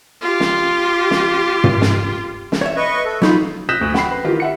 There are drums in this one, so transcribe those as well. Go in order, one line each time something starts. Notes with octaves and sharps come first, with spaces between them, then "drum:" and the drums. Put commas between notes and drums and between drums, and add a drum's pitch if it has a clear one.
F4 G4
drum: snare
drum: snare
drum: tom
drum: snare
drum: snare
C#5 E5
B4 D#5 C#6
A4
F#3 D#4 F4 B5, drum: snare
D#6 F#6 G6 A#6 B6 E7
D2
F#5 G5 B5 C7, drum: snare
B4
D#3 E3 F4 G4
E5 F#5 C#7